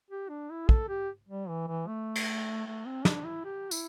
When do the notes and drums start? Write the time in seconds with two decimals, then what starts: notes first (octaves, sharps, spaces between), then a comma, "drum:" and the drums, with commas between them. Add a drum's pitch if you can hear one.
0.11 G4
0.29 D4
0.50 E4
0.69 A4, drum: kick
0.89 G4
1.29 G3
1.49 E3
1.68 E3
1.87 A3
2.15 drum: cymbal
2.66 A3
2.86 C4
3.05 D4, drum: snare
3.25 E4
3.45 G4
3.71 E4, drum: tambourine